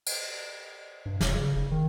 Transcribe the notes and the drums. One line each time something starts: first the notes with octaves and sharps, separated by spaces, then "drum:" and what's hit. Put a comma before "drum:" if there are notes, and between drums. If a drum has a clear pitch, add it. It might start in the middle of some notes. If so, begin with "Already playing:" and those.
drum: cymbal
G2
F1, drum: snare
C#3
F#1
D#3